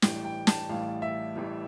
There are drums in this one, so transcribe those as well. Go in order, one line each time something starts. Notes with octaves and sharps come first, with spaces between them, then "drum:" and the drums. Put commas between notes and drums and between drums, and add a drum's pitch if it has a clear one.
A1 A2 E3 G3 G5, drum: snare
G5
A5, drum: snare
A1 A2 E3 G3 F5
E5
A1 A2 E3 G3